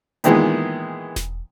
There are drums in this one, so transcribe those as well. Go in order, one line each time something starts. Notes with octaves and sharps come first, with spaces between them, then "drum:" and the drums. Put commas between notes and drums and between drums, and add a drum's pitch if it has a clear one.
A#2 D#3 E3 G#3 B3, drum: hi-hat
drum: snare E1